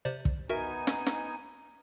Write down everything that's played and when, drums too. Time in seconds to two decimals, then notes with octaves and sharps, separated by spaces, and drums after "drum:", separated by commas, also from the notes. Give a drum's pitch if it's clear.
0.05 C3 C5 D5
0.25 drum: kick
0.50 B3 D#4 F#4 A#4 E5 G#5
0.87 drum: snare
1.07 drum: snare